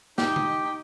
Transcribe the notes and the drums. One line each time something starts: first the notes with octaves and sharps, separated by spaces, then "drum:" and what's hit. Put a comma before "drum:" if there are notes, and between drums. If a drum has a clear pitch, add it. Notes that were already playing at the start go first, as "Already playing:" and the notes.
D#4 G4 D#5, drum: snare
drum: tom D3